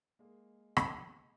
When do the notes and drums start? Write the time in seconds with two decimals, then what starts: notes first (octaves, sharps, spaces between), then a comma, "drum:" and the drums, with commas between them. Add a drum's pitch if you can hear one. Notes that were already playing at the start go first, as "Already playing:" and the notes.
0.19 G#3 A#3
0.77 drum: rim click